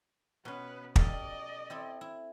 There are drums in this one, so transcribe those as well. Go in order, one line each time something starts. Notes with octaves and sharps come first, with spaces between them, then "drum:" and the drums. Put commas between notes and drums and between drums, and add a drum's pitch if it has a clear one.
B2 B3 C#4 B4
G4 A4 D5 D#5 F5, drum: kick
C4 E4 A4
E4